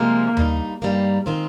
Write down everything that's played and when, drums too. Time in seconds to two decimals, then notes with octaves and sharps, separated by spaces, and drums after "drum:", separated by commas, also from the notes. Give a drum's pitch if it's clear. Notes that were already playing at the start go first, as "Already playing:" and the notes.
Already playing: C3 F3 G#3 A#3 D#4
0.37 G2 G3 A#3 D#4, drum: tom D#2
0.82 G2 G3 A#3 D#4
1.26 D#3 G#3 C4 F4